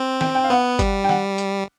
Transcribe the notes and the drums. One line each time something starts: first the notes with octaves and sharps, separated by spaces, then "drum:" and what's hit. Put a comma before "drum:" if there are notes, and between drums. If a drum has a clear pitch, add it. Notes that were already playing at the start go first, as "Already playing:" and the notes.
Already playing: C4
G5, drum: snare
G5
F5
B3 F#5
G3, drum: kick G1, hi-hat
G5
F#5, drum: snare
drum: hi-hat